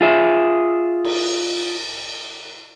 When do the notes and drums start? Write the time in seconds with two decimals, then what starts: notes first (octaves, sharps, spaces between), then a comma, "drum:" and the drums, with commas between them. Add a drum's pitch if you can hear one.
0.01 F4 G#4 E5
1.04 drum: cymbal